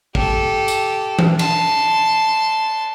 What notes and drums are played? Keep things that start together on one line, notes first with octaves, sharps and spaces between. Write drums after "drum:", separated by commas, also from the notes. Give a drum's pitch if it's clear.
G4 A4, drum: kick
drum: tambourine
drum: tom E3
A5 C6, drum: cymbal